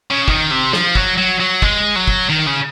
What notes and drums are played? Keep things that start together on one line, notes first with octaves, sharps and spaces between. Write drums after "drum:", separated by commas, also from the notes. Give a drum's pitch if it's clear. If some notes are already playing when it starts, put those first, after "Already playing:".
C#3
D#3, drum: kick
C3
F3, drum: snare
F#3, drum: kick
F#3
F#3
G#3, drum: kick
F#3
drum: kick
D#3
C#3